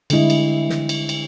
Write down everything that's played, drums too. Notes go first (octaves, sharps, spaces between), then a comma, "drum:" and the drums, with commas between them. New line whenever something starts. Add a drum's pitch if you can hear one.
D3 G3 G#3 D4 E4 D#5, drum: cymbal
drum: cymbal
drum: snare
drum: cymbal
drum: cymbal